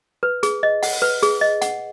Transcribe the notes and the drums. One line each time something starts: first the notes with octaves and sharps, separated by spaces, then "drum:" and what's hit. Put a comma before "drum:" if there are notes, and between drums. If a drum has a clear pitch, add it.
B4
G#4, drum: hi-hat
D#5
F#5, drum: open hi-hat
B4
G#4, drum: hi-hat
D#5
F#5, drum: hi-hat